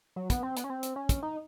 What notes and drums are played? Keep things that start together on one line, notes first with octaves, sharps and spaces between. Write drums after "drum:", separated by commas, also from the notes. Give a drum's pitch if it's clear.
F#3
B3, drum: kick, hi-hat
C4
B3, drum: hi-hat
C#4
C4
drum: hi-hat
C#4
drum: kick, hi-hat
D#4